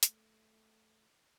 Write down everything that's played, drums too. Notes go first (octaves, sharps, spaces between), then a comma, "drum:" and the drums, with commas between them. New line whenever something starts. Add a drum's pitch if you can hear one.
A3, drum: hi-hat